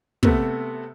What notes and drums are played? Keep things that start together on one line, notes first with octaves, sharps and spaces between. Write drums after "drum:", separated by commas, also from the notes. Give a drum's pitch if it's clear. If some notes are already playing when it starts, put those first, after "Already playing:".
C3 A3 B3, drum: kick